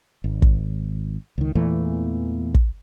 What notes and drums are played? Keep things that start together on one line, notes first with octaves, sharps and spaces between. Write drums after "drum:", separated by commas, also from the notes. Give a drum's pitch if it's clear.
G#1
drum: kick
C#2 D#3
E2 A#2 E3 A3
drum: kick